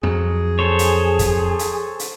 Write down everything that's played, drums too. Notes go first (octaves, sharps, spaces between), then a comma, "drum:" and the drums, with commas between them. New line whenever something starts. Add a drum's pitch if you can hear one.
F2 F#3 G#4
A4 C5 C#5
drum: hi-hat
drum: kick, hi-hat
drum: hi-hat
drum: hi-hat